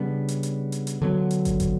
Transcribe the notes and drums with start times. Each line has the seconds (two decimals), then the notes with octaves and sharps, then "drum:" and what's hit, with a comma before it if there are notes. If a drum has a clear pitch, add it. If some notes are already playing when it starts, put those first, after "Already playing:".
Already playing: C#3 G3 B3 D4
0.28 drum: hi-hat
0.43 drum: hi-hat
0.72 drum: hi-hat
0.87 drum: hi-hat
1.02 D3 F#3 B3
1.31 drum: hi-hat
1.45 drum: kick, hi-hat
1.60 drum: kick, hi-hat